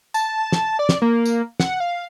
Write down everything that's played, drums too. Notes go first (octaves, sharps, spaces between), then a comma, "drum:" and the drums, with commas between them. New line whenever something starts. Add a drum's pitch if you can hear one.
A5, drum: tambourine
drum: snare
D5
drum: snare
A#3
drum: tambourine
F#5, drum: snare
F5